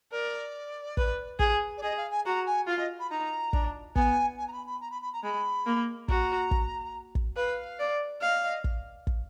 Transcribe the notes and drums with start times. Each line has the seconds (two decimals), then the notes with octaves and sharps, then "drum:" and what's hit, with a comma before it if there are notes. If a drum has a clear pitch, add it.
0.12 A#4 D5
0.97 B4, drum: kick
1.39 G#4, drum: kick
1.77 D5
1.82 G#4 D#5
1.97 F5
2.11 G#5
2.25 F#4 A#5
2.46 G#5
2.67 F4 F5
2.78 D#5
3.00 B5
3.10 D#4 A#5
3.53 D4, drum: kick
3.96 B3 G#5, drum: kick
4.38 G#5
4.48 A#5
4.52 B5
4.66 B5
4.81 A#5
4.91 B5
5.02 B5
5.13 A#5
5.24 G#3 B5
5.66 A#3
6.08 F#4 A#5, drum: kick
6.51 drum: kick
7.15 drum: kick
7.36 B4 F5
7.79 D5
8.21 D#5 F5
8.43 D#5
8.64 drum: kick
9.07 drum: kick